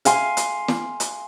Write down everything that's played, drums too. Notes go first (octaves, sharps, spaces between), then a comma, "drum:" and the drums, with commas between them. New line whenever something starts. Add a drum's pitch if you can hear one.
F5 G#5 C6, drum: hi-hat
drum: hi-hat
drum: snare
drum: hi-hat